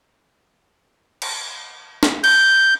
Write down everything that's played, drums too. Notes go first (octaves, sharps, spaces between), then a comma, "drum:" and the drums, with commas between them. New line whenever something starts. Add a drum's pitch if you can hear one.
drum: cymbal
drum: snare
G6, drum: cymbal